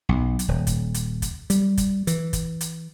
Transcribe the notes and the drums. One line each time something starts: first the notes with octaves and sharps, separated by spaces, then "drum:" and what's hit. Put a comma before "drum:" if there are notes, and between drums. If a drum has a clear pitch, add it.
B1
drum: hi-hat
D#1
drum: kick, hi-hat
drum: hi-hat
drum: kick, hi-hat
G3, drum: hi-hat
drum: kick, hi-hat
E3, drum: hi-hat
drum: kick, hi-hat
drum: hi-hat